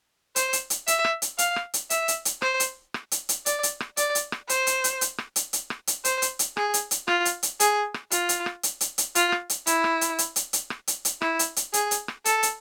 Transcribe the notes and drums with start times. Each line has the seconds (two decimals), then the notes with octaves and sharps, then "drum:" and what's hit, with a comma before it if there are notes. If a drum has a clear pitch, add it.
0.36 C5, drum: hi-hat
0.53 drum: hi-hat
0.70 drum: hi-hat
0.88 E5, drum: hi-hat
1.05 drum: rim click
1.22 drum: hi-hat
1.38 F5, drum: hi-hat
1.56 drum: rim click
1.74 drum: hi-hat
1.90 E5, drum: hi-hat
2.08 drum: hi-hat
2.25 drum: hi-hat
2.42 C5, drum: rim click
2.60 drum: hi-hat
2.94 drum: rim click
3.11 drum: hi-hat
3.29 drum: hi-hat
3.46 D5, drum: hi-hat
3.63 drum: hi-hat
3.80 drum: rim click
3.97 D5, drum: hi-hat
4.15 drum: hi-hat
4.32 drum: rim click
4.49 C5, drum: hi-hat
4.67 drum: hi-hat
4.84 drum: hi-hat
5.01 drum: hi-hat
5.18 drum: rim click
5.36 drum: hi-hat
5.53 drum: hi-hat
5.70 drum: rim click
5.87 drum: hi-hat
6.05 C5, drum: hi-hat
6.22 drum: hi-hat
6.39 drum: hi-hat
6.57 G#4, drum: rim click
6.74 drum: hi-hat
6.91 drum: hi-hat
7.08 F4, drum: rim click
7.25 drum: hi-hat
7.43 drum: hi-hat
7.60 G#4, drum: hi-hat
7.94 drum: rim click
8.11 F4, drum: hi-hat
8.29 drum: hi-hat
8.46 drum: rim click
8.63 drum: hi-hat
8.81 drum: hi-hat
8.98 drum: hi-hat
9.15 F4, drum: hi-hat
9.32 drum: rim click
9.50 drum: hi-hat
9.67 E4, drum: hi-hat
9.84 drum: rim click
10.01 drum: hi-hat
10.19 drum: hi-hat
10.36 drum: hi-hat
10.53 drum: hi-hat
10.70 drum: rim click
10.87 drum: hi-hat
11.05 drum: hi-hat
11.22 E4, drum: rim click
11.39 drum: hi-hat
11.56 drum: hi-hat
11.74 G#4, drum: hi-hat
11.91 drum: hi-hat
12.08 drum: rim click
12.25 A4, drum: hi-hat
12.43 drum: hi-hat